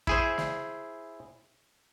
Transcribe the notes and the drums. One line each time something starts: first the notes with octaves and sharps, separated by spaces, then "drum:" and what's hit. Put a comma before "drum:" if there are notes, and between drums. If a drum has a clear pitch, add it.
E4 G#4 C5, drum: kick
drum: snare